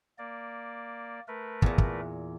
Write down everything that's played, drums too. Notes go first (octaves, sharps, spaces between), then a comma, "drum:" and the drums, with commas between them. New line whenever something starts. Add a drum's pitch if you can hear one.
A#3 D5
A3 A#4 B4
E2 A#2, drum: kick
drum: kick